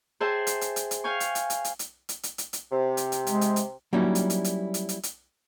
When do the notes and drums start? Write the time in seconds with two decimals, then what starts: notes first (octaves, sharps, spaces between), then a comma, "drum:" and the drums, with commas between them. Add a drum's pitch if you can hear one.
0.20 G#4 C5 E5 G5 A5
0.47 drum: hi-hat
0.61 drum: hi-hat
0.76 drum: hi-hat
0.91 drum: hi-hat
1.04 F5 G5 G#5 C#6
1.20 drum: hi-hat
1.35 drum: hi-hat
1.50 drum: hi-hat
1.65 drum: hi-hat
1.79 drum: hi-hat
2.09 drum: hi-hat
2.23 drum: hi-hat
2.38 drum: hi-hat
2.53 drum: hi-hat
2.72 C3
2.97 drum: hi-hat
3.12 drum: hi-hat
3.27 G#3, drum: hi-hat
3.41 drum: hi-hat
3.56 drum: hi-hat
3.93 F#3 G3 A#3 C#4 D#4 E4
4.15 drum: hi-hat
4.30 drum: hi-hat
4.44 drum: hi-hat
4.74 drum: hi-hat
4.89 drum: hi-hat
5.03 drum: hi-hat